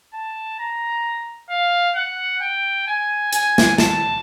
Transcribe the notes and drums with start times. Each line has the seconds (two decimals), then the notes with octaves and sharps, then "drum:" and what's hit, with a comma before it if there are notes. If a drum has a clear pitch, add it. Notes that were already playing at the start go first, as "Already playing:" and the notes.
0.14 A5
0.59 A#5
1.50 F5
1.96 F#5
2.42 G5
2.87 G#5
3.33 G#5, drum: hi-hat
3.58 drum: snare
3.78 A5, drum: snare